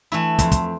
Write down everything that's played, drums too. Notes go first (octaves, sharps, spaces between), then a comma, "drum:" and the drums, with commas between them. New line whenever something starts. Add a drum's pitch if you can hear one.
E3 A3 E4
F2, drum: kick, hi-hat
drum: kick, hi-hat